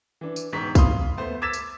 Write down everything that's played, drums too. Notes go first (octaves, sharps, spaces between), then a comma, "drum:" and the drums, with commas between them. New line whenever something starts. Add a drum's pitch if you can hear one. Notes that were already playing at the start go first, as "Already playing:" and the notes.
E3 D4
drum: tambourine
E1 G#2 C#6 B6
F5 B5 C6 D#6, drum: kick B1, tambourine
A3 B3 C5
D6 E6 G#6 A6 B6 E7
drum: tambourine